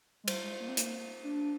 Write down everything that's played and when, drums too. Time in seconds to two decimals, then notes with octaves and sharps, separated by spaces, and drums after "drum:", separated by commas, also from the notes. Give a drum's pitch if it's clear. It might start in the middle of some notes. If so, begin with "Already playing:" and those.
0.24 G#3
0.28 G3 C5, drum: cymbal
0.44 G#3
0.60 A#3
0.68 C4
0.77 A#3, drum: hi-hat
1.24 D4